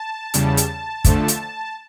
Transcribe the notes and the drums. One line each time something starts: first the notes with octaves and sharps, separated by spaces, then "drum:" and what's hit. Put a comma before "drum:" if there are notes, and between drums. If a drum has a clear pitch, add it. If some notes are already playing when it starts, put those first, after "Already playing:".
Already playing: A5
E2 C#3 G3, drum: hi-hat
drum: hi-hat
D3 F3 A3, drum: kick, hi-hat
drum: hi-hat